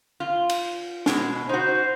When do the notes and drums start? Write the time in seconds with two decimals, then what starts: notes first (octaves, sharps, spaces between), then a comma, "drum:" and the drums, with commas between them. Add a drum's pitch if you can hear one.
0.20 F4
0.50 drum: cymbal
1.06 B2 G#3, drum: snare D4
1.49 D#4 F#4 C5